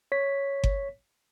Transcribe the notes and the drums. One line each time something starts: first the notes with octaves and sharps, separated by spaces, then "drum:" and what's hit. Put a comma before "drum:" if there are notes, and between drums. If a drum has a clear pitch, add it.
C#5 B6
drum: kick G1